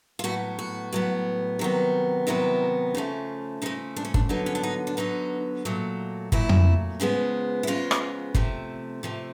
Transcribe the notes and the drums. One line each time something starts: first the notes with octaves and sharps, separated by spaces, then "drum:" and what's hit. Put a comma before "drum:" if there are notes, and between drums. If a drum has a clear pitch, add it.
F4
A2 F#3 B3 F#4
F#4
A2 F#3 B3
C3 D#3 F#3 B3
C3 D#3 F#3 B3 E4
C#3 F3 A3
C#3 F3 A3 D#4
D4
C#4
D4, drum: kick G1
D3 F#3 B3 D#4
C#4
D4
D#4
D4
D3 F#3 B3 D#4
A#2 F#3 A3
A#2 F#3 A3 E4, drum: kick G1
drum: tom F2
C#3 F3 G#3 B3
E4
C#3 F3 G#3 B3 F4
drum: rim click
C3 F3 A3, drum: kick G1
C3 F3 A3